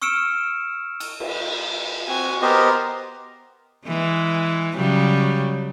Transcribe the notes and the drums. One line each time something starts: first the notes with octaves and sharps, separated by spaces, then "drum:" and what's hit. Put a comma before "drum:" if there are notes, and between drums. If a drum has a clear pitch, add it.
C#6 E6 F6 C#7 D7 E7
drum: cymbal
drum: cymbal
C4 F#4 G#5
B3 G4 A#4 C5 D#5
E3 G#3
C#3 F#3 G3